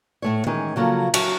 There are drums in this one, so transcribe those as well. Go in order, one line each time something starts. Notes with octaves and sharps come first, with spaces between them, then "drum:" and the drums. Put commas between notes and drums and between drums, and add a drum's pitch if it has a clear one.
A2 A3 C#5
D#3 E3 G#3 C#4 D#4
C#3 F3 F#3 A#3 A4
F#3 F#4 E5 A5, drum: cymbal